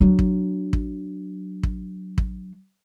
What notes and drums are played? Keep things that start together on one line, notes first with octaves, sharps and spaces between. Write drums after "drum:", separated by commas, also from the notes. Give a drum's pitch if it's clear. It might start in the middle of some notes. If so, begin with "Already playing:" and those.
F#3 D4
drum: kick
drum: kick
drum: kick
drum: kick